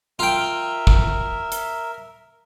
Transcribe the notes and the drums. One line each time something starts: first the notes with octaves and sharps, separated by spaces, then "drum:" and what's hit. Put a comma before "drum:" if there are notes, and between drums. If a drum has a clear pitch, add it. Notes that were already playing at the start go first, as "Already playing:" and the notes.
F4 A#4 E5 G5
drum: kick
drum: hi-hat